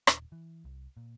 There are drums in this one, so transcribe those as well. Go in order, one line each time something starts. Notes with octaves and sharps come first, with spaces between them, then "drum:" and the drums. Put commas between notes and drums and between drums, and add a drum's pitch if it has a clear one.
D#1, drum: rim click
E3
C2
A#2